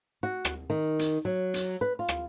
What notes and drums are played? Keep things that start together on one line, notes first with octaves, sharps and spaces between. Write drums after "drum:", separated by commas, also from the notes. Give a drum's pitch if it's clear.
F#4
drum: rim click
D#3
drum: hi-hat
F#3
drum: hi-hat
B4
F4
drum: rim click